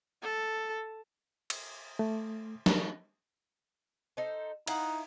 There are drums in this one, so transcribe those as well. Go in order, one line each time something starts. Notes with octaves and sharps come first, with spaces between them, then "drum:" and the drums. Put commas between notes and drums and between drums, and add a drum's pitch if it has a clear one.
A4
drum: cymbal
A3
drum: snare
D#4 A4 C5
D#4 E4 F5 F#5, drum: cymbal